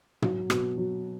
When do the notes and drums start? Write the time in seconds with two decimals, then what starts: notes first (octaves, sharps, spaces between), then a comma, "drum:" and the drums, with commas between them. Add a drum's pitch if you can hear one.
0.22 F#3, drum: tom
0.50 B2, drum: rim click
0.77 F#3